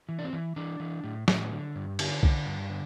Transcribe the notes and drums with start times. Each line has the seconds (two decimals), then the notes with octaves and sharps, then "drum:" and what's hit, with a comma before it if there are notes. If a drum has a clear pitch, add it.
0.09 E3
0.18 D4
0.24 C4
0.33 E3
0.56 E3 D4
0.80 E3
1.04 A2
1.28 A2, drum: snare
1.51 D3
1.75 G2
1.99 D3, drum: cymbal
2.23 D3, drum: kick
2.46 G2
2.70 D3